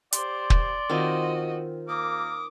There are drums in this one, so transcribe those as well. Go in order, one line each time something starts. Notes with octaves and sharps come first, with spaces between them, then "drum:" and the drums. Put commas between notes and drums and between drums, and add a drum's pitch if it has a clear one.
G4 C5 D5 C6, drum: hi-hat
drum: kick
D#3 C4 F4 F#4 D#5
A#3 D6 D#6